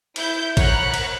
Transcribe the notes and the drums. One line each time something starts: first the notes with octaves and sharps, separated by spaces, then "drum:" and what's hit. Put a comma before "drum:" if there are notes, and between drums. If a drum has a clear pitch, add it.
E4 G6, drum: cymbal
A#4 C#5 F#5 A#5 B5 F#6, drum: kick, cymbal
drum: cymbal